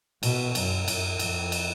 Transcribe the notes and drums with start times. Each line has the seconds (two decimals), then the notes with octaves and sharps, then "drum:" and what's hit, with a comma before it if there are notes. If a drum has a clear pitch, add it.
0.23 B2, drum: cymbal
0.55 F#2, drum: cymbal
0.88 F#2, drum: cymbal
1.19 F2, drum: cymbal
1.52 drum: cymbal